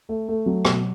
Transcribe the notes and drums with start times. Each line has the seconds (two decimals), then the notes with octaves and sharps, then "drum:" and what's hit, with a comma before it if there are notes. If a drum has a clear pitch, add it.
0.09 A3
0.29 A3
0.46 F#3
0.65 B2, drum: rim click